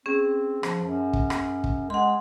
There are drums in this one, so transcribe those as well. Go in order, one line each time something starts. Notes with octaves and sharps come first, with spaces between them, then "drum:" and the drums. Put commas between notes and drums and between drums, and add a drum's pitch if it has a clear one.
C4 C#4 G#4
F3, drum: rim click
F#2
drum: kick
drum: rim click
drum: kick
G#3 F#5 C6